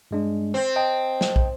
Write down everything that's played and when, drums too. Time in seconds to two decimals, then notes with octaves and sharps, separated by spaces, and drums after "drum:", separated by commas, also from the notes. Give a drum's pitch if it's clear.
0.11 G2 G#3 D4
0.54 C4
0.76 D#5 G5 A5
1.21 drum: snare
1.36 drum: kick